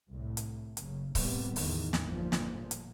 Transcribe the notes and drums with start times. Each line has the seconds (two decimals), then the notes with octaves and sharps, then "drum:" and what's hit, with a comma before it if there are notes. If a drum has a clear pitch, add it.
0.10 C2 A2
0.37 drum: hi-hat
0.77 F#1 C#3, drum: hi-hat
1.15 A2 C3 G3 B3, drum: kick C#1, open hi-hat
1.56 A1 E2 D#3, drum: open hi-hat
1.93 drum: snare
2.08 G1 A#2 F3
2.32 drum: snare
2.71 drum: hi-hat